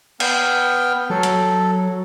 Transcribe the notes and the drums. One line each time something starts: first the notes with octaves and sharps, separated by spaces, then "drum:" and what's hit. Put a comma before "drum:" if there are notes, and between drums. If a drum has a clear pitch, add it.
B3 G5 F6, drum: cymbal
F#3 A4
drum: hi-hat